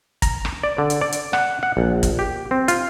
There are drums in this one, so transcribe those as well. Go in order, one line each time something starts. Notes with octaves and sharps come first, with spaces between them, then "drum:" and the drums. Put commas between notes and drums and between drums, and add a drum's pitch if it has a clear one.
A#5, drum: kick, hi-hat
drum: rim click
D5
D3
drum: hi-hat
D5
drum: hi-hat
F#5, drum: rim click
F#5
A#1
drum: kick, hi-hat
G4
C4
F4, drum: hi-hat